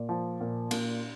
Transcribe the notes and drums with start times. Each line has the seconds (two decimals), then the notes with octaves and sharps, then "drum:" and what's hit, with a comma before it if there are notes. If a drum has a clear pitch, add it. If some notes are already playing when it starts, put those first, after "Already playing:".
Already playing: A#2 D5
0.09 F3
0.41 A#2
0.71 A#2, drum: cymbal